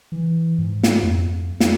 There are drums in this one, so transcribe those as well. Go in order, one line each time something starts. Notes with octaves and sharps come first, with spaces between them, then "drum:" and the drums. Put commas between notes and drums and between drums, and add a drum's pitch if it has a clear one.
E3
G#2
drum: snare
F2
drum: snare